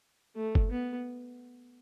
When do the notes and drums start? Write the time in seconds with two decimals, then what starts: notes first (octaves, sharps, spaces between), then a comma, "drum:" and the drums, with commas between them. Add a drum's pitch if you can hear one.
0.36 A3
0.55 drum: kick
0.71 B3